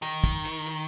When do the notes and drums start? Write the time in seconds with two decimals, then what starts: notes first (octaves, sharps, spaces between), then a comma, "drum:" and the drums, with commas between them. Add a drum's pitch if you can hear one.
0.02 D#3, drum: hi-hat
0.24 drum: kick, hi-hat
0.45 drum: hi-hat
0.66 drum: hi-hat